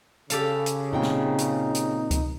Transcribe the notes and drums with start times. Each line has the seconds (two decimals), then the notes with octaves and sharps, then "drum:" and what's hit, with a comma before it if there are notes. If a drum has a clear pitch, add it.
0.30 C#3 G4 A4 F5, drum: hi-hat
0.66 drum: hi-hat
0.93 A#2 C4 D#4 G5
1.02 drum: snare
1.38 drum: hi-hat
1.75 drum: hi-hat
2.11 drum: kick C#2, hi-hat